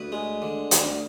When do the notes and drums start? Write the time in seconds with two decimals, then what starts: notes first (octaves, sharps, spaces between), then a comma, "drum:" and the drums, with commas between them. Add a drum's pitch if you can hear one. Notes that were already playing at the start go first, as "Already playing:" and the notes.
Already playing: D2 B4
0.12 G#3
0.42 D3
0.71 D2 D5, drum: hi-hat